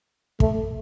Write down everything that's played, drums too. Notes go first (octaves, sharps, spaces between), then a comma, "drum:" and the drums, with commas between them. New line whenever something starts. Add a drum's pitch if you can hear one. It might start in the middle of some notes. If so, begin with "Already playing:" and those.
A3, drum: kick